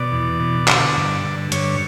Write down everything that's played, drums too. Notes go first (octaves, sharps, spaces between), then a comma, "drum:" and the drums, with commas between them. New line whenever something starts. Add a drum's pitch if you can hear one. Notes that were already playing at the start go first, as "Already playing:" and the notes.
Already playing: B2 D5
E2
B2
D3, drum: clap
G2
D3
G2 C#5, drum: hi-hat